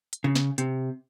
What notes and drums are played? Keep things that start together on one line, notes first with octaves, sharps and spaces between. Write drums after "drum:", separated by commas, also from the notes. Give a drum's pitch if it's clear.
drum: hi-hat
C#3
drum: snare
C3, drum: hi-hat